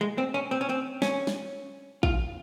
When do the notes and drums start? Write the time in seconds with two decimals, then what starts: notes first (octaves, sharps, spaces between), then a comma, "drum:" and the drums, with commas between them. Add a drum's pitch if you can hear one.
0.01 G#3
0.18 C4
0.34 C#4
0.51 C4
0.61 C#4
0.69 C4
1.02 C#4, drum: snare
1.27 drum: snare
2.03 F4, drum: kick A#1